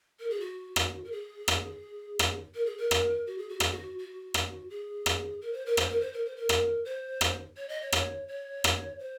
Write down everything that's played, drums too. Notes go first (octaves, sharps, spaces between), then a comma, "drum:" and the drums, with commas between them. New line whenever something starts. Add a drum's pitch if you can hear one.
A#4
G#4
F#4
drum: rim click
A#4
G#4
drum: rim click
drum: rim click
A#4
G#4
A#4
drum: rim click
F#4
G#4
F#4
G#4, drum: rim click
F#4
F#4
drum: rim click
G#4
drum: rim click
A#4
C5
A#4
C5, drum: rim click
A#4
C5
A#4
C5
A#4
drum: rim click
C5
drum: rim click
C#5
D#5
C#5
drum: rim click
C#5
drum: rim click
C5